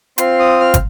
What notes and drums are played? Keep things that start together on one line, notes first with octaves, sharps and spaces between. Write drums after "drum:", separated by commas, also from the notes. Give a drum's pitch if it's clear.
C4 F4 C6, drum: hi-hat
D#6
F6
drum: kick, hi-hat